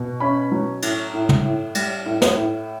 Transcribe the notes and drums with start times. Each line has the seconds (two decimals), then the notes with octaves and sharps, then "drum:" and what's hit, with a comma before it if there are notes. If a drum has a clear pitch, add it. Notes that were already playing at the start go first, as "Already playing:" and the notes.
Already playing: B2
0.20 C#4 B5
0.52 F#3
0.82 A2, drum: cymbal
1.14 A2
1.29 drum: tom
1.45 A2
1.75 G3, drum: cymbal
2.06 A2
2.22 drum: snare
2.37 A2